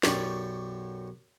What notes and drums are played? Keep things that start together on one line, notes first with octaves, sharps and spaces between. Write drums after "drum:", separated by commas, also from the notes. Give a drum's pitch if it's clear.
B1 F#2 G4 D5 C#6, drum: snare